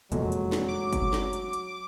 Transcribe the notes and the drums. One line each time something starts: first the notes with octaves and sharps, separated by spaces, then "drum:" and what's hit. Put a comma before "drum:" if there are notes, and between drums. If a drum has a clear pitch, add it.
F1 E2 A#2 F#3 G#3 A3, drum: hi-hat
drum: hi-hat
drum: snare
D6
drum: kick, hi-hat
drum: snare
drum: hi-hat
drum: hi-hat